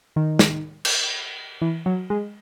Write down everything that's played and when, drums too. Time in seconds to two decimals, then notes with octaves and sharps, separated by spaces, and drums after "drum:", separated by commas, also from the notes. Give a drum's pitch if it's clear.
0.16 D#3
0.39 drum: snare
0.85 drum: cymbal
1.61 E3
1.86 F#3
2.10 G#3